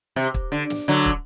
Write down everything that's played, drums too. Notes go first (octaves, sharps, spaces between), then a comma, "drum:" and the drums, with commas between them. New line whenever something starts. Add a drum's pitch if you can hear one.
C3
drum: kick
D3
drum: snare
D3 F#3
drum: kick